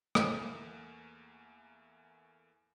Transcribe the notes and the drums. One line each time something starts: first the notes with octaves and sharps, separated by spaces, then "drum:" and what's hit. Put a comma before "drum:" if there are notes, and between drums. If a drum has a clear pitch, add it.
E2 E3 A3 A#3, drum: rim click